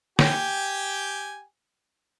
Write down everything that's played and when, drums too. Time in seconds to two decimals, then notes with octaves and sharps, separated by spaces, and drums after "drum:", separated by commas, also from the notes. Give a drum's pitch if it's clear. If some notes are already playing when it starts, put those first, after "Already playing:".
0.19 G4 G5 G#5, drum: snare